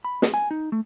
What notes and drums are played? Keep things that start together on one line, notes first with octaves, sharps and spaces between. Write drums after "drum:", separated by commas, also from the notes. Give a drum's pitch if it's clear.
B5
G#4, drum: snare
G#5
D#4
A3